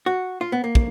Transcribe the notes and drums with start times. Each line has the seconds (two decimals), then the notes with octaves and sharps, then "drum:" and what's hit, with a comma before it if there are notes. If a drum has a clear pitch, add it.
0.06 F#4
0.41 F4
0.52 B3
0.64 A#3
0.75 drum: kick